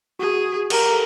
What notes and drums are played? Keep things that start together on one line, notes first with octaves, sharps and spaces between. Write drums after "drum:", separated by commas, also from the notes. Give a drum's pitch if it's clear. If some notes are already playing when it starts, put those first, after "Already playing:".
F#4 G#4
G4 A#4, drum: cymbal
A4